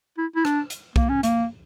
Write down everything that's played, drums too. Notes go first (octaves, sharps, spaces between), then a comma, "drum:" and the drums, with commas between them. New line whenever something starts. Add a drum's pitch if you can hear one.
E4
E4
D4, drum: rim click
drum: hi-hat
A#3, drum: kick B1
C#4
A#3, drum: hi-hat